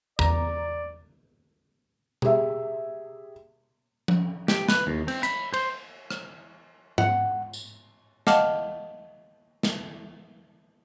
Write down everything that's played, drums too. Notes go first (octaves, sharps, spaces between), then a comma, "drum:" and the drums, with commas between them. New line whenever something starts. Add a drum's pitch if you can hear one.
E2 D5 A#5, drum: kick
G4 G#4 E5, drum: tom B2
drum: tom F3
G4, drum: snare
B4, drum: snare
D#2
C4, drum: cymbal
B5, drum: hi-hat
C5, drum: cymbal
drum: rim click
F#5, drum: tom G#2
drum: tambourine
D#5 F5 F#5 A5 D6 F6, drum: snare
drum: snare